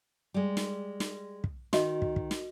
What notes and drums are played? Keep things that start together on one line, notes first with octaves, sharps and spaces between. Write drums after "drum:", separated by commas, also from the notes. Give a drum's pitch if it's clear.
G3 G#3
drum: snare
drum: snare
drum: kick
D#3 F#4 D#5, drum: snare
drum: kick
drum: kick
drum: snare